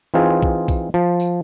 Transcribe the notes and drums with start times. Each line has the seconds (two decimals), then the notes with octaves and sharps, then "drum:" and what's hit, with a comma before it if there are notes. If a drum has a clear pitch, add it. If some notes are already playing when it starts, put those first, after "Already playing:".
0.14 E3 C4 D#4 F4 G#4
0.43 drum: kick
0.68 drum: kick, tambourine
0.94 F3
1.20 drum: tambourine